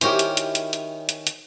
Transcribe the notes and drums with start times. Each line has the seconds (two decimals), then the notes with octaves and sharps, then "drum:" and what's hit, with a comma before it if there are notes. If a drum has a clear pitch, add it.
0.01 D#3 C#4 E4 F#4 G4 C5 C#5 G5, drum: hi-hat
0.19 drum: hi-hat
0.37 drum: hi-hat
0.55 drum: hi-hat
0.73 drum: hi-hat
1.09 drum: hi-hat
1.27 drum: hi-hat